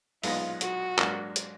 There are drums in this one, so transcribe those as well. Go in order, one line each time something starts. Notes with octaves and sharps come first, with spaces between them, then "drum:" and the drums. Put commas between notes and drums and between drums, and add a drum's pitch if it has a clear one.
B1 A#2 G#3 B3 D#4 F4, drum: open hi-hat
F#4, drum: hi-hat
G#2 F#3 A#3 D4, drum: clap
drum: hi-hat